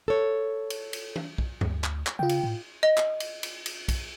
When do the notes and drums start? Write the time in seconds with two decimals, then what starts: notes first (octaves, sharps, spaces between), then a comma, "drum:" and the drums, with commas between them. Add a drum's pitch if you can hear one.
0.08 A4 C#5
0.70 drum: cymbal
0.93 drum: cymbal
1.16 drum: tom
1.38 drum: kick
1.61 D2, drum: tom G2
1.84 drum: clap
2.07 drum: clap
2.19 C#3 F4 G5
2.29 drum: cymbal
2.43 A2
2.83 D#5
2.98 drum: clap
3.20 drum: cymbal
3.43 drum: cymbal
3.66 drum: cymbal
3.88 drum: kick, cymbal